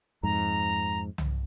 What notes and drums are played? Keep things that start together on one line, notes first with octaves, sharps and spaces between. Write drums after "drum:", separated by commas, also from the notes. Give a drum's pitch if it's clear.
F2 G#2 A#5
drum: tom C2